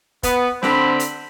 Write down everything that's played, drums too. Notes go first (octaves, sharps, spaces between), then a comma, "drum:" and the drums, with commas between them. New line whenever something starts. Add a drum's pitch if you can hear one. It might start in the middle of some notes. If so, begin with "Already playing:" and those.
B3, drum: kick, hi-hat
D3 C4 B5, drum: snare
drum: hi-hat